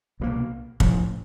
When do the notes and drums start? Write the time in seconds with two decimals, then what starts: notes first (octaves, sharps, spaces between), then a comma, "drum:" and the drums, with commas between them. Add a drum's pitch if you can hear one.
0.20 C2 B2 F#3 A#3
0.80 A1 A2 F3, drum: kick